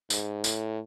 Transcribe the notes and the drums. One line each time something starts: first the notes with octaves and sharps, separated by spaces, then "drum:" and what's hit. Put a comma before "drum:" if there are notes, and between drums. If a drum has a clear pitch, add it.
G#2, drum: tambourine
A2, drum: tambourine